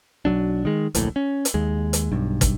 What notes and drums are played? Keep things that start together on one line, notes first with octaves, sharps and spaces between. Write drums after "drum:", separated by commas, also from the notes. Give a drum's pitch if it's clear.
B1 G2 F#3 D4
D#3 G#3
D1 A#1 A2, drum: hi-hat
C#4
drum: hi-hat
D#2 G#3
drum: hi-hat
B1 G2
drum: kick, hi-hat